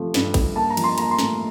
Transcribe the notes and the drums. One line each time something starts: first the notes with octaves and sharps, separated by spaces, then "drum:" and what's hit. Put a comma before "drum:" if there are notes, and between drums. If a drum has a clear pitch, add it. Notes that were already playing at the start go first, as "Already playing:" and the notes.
Already playing: C3 F3 A3
G2, drum: snare
G2, drum: kick A#1, cymbal
A#3 A5
A#5
F3, drum: cymbal
C6
A#3 A#5, drum: cymbal
C6
A2, drum: snare